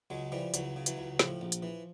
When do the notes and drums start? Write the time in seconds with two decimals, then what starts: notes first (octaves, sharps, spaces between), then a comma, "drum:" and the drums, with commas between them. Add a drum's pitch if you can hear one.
0.10 C#2 F#3 G#3
0.32 E3 F3 G3
0.54 C#2 E3 F#3, drum: hi-hat
0.76 C#3
0.86 E3 F#3, drum: hi-hat
0.98 C#2
1.19 A2 F3, drum: snare
1.41 A#1
1.52 drum: hi-hat
1.62 E3